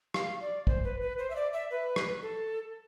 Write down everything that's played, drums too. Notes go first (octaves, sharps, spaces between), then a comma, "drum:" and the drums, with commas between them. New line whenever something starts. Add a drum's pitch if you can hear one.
F5, drum: rim click
D5
C5, drum: kick
B4
B4
C5
E5
D5
E5
B4
drum: rim click
A4